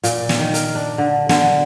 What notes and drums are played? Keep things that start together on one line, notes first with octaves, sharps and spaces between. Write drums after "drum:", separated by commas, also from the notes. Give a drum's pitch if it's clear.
A#2, drum: hi-hat
drum: snare
D#3
A#4, drum: hi-hat
D4
D3
D3, drum: snare